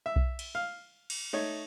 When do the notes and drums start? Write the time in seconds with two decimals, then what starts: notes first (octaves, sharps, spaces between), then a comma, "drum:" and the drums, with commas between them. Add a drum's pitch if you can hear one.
0.06 E5
0.16 drum: kick B1
0.39 drum: cymbal
0.55 F5
1.10 drum: cymbal
1.33 A3 D#4 C#5